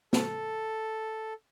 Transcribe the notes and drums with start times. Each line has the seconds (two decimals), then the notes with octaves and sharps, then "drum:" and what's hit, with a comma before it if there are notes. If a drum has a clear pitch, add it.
0.13 A4, drum: snare